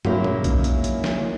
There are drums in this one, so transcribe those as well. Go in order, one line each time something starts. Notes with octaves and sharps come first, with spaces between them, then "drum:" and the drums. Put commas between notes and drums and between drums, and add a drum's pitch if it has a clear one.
F#3 G#3 A#3 C#4 D#4 E4, drum: tom
drum: tom
drum: kick A#1, hi-hat
drum: hi-hat
drum: hi-hat
drum: snare